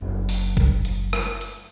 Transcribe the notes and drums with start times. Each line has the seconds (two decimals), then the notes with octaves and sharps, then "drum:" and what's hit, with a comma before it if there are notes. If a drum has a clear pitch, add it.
0.01 F#1 D4
0.29 drum: open hi-hat
0.57 drum: kick
0.85 drum: hi-hat
1.13 drum: rim click
1.41 drum: hi-hat